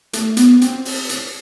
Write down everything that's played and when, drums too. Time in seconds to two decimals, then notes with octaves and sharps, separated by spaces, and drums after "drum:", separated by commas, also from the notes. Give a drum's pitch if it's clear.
0.13 A3, drum: hi-hat
0.37 B3, drum: hi-hat
0.61 C4, drum: hi-hat
0.85 drum: open hi-hat
1.09 drum: hi-hat